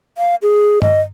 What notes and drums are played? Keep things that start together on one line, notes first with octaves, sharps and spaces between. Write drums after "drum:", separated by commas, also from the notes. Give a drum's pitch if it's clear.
F5
G#4
D#5, drum: tom G2